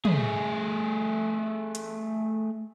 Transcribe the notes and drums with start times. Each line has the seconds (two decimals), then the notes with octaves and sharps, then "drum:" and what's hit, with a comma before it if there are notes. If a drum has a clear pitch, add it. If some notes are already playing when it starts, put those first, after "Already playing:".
0.05 A3 G#4, drum: tom
1.75 drum: hi-hat